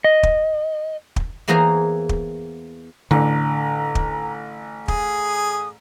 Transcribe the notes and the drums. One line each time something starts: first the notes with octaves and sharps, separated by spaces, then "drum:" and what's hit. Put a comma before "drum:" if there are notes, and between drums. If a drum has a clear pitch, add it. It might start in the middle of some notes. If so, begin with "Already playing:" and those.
D#5
drum: kick
drum: kick
E2 E3 A#3 G#4 C5 A#5
drum: kick
A1 D3 A#5
drum: kick
G#4 D#6, drum: kick